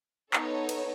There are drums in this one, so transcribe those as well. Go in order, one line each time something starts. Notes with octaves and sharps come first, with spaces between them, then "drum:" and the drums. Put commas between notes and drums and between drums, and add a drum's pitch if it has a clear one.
B3 D#4 A4 C#5, drum: clap
drum: cymbal